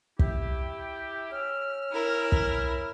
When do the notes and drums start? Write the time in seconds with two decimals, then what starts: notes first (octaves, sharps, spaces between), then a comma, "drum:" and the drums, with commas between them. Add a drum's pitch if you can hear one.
0.19 E4 G4, drum: kick
1.31 C#4 E6 F6
1.92 E4 A#4
2.32 drum: kick